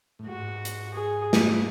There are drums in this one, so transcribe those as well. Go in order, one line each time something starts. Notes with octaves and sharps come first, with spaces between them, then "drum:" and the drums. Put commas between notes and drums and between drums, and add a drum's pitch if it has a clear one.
A2
G#2 F#4
drum: hi-hat
G#4
drum: snare